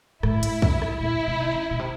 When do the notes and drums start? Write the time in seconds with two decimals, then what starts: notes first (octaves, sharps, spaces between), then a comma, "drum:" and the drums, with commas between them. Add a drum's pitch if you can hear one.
0.23 A2 E4, drum: rim click
0.43 drum: hi-hat
0.62 drum: kick
0.82 drum: rim click
1.01 A#2 E4
1.27 C3
1.54 C#3
1.71 B2
1.79 C3